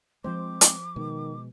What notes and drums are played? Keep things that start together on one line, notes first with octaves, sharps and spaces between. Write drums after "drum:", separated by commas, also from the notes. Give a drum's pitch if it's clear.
F3 G#3 C4 C5 D6
drum: hi-hat
B2 D#3 G#3